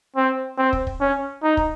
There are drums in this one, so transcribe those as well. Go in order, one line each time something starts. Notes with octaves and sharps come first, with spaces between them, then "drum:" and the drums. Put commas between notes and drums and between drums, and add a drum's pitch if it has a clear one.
C4
C4
drum: kick
drum: kick
C#4
D#4
drum: kick